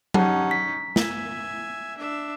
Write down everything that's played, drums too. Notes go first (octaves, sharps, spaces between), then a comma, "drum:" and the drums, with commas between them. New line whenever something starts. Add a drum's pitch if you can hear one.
C#4 D#4 G4 F#5 A5, drum: tom F#3
B6
E5 G#5, drum: snare
D4 E5